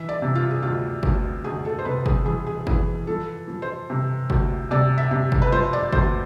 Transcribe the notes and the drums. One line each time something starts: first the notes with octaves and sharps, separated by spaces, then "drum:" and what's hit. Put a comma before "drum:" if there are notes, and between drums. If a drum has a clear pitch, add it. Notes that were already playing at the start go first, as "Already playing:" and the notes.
Already playing: E3 E5
D5
C3
F4
G#4
D2 F4
D2, drum: kick
D2 G#4
A4
C5
C3 B4
G#4, drum: kick
E3 G#4
G#4
E3 G#4, drum: kick
F3 A4
F3
C5
C3
D2, drum: kick
C3 D5
E5
C3
drum: kick
B4
F3 C5
D5
D2 C5, drum: kick